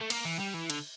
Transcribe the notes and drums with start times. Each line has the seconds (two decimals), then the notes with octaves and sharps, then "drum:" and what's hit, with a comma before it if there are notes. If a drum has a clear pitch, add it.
0.01 A3
0.10 A#3, drum: cymbal
0.25 E3
0.40 G3
0.54 E3
0.70 D3, drum: cymbal